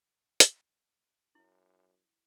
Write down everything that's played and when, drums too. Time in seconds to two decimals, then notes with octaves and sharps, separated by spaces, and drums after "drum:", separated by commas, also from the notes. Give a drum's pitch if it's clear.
0.40 drum: hi-hat
1.35 F#2 E4